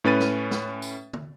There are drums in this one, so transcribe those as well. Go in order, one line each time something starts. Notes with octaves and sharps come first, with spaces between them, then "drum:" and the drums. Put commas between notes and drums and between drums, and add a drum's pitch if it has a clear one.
A2 C#4 B4 A6 D#7
drum: snare
drum: snare
drum: tambourine
drum: tom